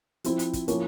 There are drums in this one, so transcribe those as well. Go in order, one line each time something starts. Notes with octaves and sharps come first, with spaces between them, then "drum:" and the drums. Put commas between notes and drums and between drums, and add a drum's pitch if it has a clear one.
F3 C4 E4, drum: hi-hat
drum: hi-hat
drum: kick, hi-hat
F3 A#3 C#4 E4, drum: hi-hat